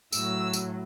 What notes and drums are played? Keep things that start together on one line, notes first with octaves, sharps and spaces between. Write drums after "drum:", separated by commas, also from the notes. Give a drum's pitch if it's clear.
A2 F#3 E6, drum: tambourine
drum: tambourine